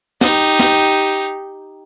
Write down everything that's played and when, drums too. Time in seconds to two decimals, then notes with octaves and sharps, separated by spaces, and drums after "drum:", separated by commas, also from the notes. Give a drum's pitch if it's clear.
0.21 D#4 G4, drum: snare
0.59 drum: snare